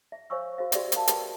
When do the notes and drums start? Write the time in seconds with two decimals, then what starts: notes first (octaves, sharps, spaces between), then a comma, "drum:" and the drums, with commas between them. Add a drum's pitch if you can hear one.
0.12 E5
0.30 C5 C#5 F5 G#5 C#6 E6
0.58 F#4 C5 F5
0.72 F#4 G4 D5 E5 G5, drum: hi-hat
0.92 A#4 F5 A5, drum: hi-hat
1.08 F#4 G4 A#4 B4 E5 G5, drum: hi-hat